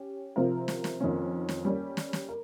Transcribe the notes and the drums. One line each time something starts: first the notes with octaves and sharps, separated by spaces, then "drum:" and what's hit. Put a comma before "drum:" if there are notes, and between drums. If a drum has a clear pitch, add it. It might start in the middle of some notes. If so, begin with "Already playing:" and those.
Already playing: C#4 G4
C3 F3 C4 F4 A#4
drum: snare
drum: snare
F2 D#3 A#3 C#4
drum: snare
G3 A#3 C#4
drum: snare
drum: snare
A#4